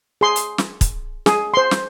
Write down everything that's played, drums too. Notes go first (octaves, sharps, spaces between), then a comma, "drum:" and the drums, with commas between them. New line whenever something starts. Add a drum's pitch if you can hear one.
G#4 C6
drum: hi-hat
drum: snare
drum: kick, hi-hat
G#4, drum: snare
C5 C6
drum: snare